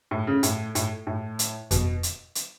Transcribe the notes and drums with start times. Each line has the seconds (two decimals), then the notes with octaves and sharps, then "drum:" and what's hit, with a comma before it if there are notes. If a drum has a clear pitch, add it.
0.11 A2
0.27 C#3
0.43 A2, drum: hi-hat
0.75 A2, drum: hi-hat
1.07 A2
1.39 drum: hi-hat
1.71 B2, drum: kick F2, hi-hat
2.03 drum: hi-hat
2.35 drum: hi-hat